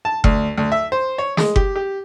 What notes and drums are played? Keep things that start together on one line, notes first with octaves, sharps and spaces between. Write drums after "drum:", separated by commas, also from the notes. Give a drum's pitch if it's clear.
A5
D2, drum: kick F#1
D2
E5
C5
C#5
G#3, drum: snare
G4, drum: kick F#1
G4